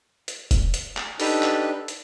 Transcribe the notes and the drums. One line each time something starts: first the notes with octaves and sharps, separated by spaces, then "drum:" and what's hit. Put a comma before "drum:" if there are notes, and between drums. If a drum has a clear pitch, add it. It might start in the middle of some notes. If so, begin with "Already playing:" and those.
drum: hi-hat
drum: kick E1, hi-hat
drum: hi-hat
drum: clap
D4 D#4 G4 A4 B4, drum: open hi-hat
drum: clap
drum: hi-hat